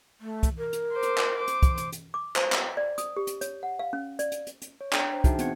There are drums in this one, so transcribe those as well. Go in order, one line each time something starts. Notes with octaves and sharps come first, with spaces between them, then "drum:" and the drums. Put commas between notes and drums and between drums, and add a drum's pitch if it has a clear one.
A3
drum: kick, hi-hat
A#4
drum: hi-hat
C5 D6
drum: hi-hat
drum: clap
C5 D6
drum: hi-hat
drum: kick, hi-hat
drum: hi-hat
drum: hi-hat
D6
C5, drum: clap
drum: clap
G5
D5
D#6, drum: hi-hat
G4
drum: hi-hat
C#5, drum: hi-hat
F#5
F5
C#4
D5, drum: hi-hat
drum: hi-hat
drum: hi-hat
drum: hi-hat
C#5
D4 G5 A#5, drum: clap
C5 G5
D4 D#4 F#4 G#4 E5 A5, drum: kick, hi-hat
B3 C4 D4 F#5 G#6 C#7, drum: hi-hat